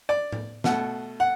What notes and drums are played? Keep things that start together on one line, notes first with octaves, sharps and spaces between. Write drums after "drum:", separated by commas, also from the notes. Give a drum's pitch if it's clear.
D5
drum: tom A2
B2 A3 F#5, drum: snare
F#5